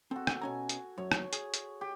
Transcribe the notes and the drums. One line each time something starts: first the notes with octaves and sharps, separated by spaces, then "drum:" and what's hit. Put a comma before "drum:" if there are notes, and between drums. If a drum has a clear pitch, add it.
C4 F#4 A4
drum: rim click
B2 C#4 G#5 A#5
drum: hi-hat
F#2 C#5
drum: rim click
G#4, drum: hi-hat
drum: hi-hat
G4